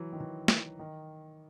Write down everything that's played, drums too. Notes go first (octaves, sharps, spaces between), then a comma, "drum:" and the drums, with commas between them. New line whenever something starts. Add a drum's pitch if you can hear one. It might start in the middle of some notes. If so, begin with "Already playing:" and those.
Already playing: E3 F#3
D#3
E3
drum: snare
D#3